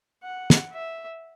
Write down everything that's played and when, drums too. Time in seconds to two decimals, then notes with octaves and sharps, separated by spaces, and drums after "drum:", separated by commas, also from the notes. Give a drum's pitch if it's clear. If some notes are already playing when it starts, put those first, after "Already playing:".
0.23 F#5
0.50 drum: snare
0.72 E5